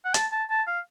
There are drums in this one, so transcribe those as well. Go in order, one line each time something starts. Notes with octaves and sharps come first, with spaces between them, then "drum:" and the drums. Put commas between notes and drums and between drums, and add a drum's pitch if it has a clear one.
F#5
A5, drum: hi-hat
A5
A5
F5